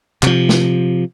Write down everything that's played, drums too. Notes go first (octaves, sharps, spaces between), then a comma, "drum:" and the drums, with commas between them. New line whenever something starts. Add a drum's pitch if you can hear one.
C3 F3, drum: clap
drum: snare